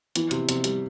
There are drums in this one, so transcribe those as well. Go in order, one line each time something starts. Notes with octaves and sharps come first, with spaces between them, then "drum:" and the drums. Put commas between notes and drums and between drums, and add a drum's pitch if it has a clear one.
E3, drum: hi-hat
C3, drum: hi-hat
C3, drum: hi-hat
G3, drum: hi-hat